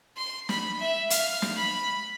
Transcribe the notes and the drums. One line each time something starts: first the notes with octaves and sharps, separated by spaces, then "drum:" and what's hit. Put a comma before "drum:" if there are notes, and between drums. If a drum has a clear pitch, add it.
C6
B5, drum: snare
E5
F5, drum: hi-hat
drum: snare
B5